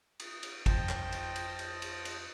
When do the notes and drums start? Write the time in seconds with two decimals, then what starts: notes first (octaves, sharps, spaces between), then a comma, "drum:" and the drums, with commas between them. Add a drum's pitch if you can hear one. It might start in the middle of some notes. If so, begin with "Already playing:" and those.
0.20 drum: cymbal
0.43 drum: cymbal
0.66 F2 C5 D#5 G5 A5, drum: kick, cymbal
0.89 drum: clap
1.12 drum: cymbal
1.36 drum: cymbal
1.59 drum: cymbal
1.82 drum: cymbal
2.05 drum: cymbal